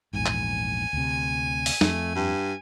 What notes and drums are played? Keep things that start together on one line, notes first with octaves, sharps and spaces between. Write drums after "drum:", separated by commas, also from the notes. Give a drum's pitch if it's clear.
A#1 E2 G#2 G#5
drum: clap
D2 C3
drum: open hi-hat
F2 A3, drum: snare
G2